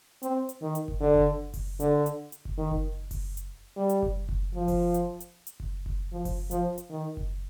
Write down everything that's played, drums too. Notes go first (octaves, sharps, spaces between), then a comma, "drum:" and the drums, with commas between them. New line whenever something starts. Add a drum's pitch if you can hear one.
C4, drum: hi-hat
drum: hi-hat
D#3
drum: hi-hat
drum: kick F#1
D3
drum: kick F#1
drum: kick F#1, open hi-hat
D3, drum: hi-hat
drum: hi-hat
drum: hi-hat
drum: kick F#1
D#3
drum: kick F#1
drum: kick F#1, open hi-hat
drum: hi-hat
G3
drum: hi-hat
drum: kick F#1
drum: kick F#1
F3
drum: kick F#1, open hi-hat
drum: hi-hat
drum: hi-hat
drum: hi-hat
drum: kick F#1
drum: kick F#1
F3
drum: kick F#1, open hi-hat
F3, drum: hi-hat
drum: hi-hat
D#3
drum: kick F#1